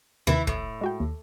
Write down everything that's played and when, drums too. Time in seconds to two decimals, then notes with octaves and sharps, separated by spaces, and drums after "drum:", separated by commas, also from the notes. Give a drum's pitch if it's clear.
0.27 D#2 C3 D#3 E3 E4
0.47 A2, drum: kick
0.81 G#3 F#4 G5
1.00 D#2